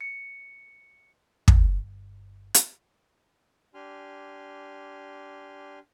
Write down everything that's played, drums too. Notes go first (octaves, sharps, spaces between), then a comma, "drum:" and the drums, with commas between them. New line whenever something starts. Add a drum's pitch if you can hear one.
C#7
G1, drum: kick
drum: hi-hat
D4 G4 G#5 C6 F6